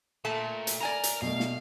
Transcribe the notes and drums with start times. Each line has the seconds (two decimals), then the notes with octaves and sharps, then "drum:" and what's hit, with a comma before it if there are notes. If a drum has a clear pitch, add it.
0.25 A#2 A3 A5
0.67 drum: hi-hat
0.80 A#4 D5 G#5 A#5
1.04 drum: hi-hat
1.22 B2 A3 F5
1.40 drum: snare